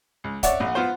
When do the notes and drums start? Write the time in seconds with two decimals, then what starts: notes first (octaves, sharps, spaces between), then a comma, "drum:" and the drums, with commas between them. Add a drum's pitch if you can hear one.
0.24 C#2
0.43 C#5 D5 E5 F#5, drum: kick, hi-hat
0.60 A#1
0.75 B3 F4 C5